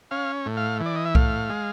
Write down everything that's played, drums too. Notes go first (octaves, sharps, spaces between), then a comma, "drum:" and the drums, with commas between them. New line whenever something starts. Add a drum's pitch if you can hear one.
C#4 F5
A2
F5
E3
D5
D#5
E5
A2 F5, drum: kick C2
G#3